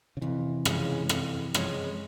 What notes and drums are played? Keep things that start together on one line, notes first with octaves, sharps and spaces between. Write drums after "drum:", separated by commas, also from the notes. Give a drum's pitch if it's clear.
C#3
F2 C3 E3
C#3 F3 G#3 C#4, drum: rim click
F2, drum: rim click
C#3 F3 G#3 C#4, drum: rim click